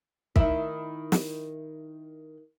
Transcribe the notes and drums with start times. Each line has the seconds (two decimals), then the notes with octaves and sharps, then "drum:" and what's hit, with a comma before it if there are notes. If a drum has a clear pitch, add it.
0.36 D#3 E4, drum: kick
1.12 drum: snare